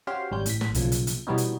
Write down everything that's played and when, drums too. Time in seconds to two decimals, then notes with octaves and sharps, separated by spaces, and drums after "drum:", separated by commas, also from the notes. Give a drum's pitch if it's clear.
0.07 C#4 F#4 G4 C5 F5 C6
0.31 G#1 G3 C#4 G6
0.46 A1 B6, drum: hi-hat
0.61 drum: snare
0.75 B1 A#2 C#3 F3, drum: kick, hi-hat
0.92 drum: hi-hat
1.07 drum: hi-hat
1.27 B2 E3 G3 B3 C#4 D#4
1.38 drum: hi-hat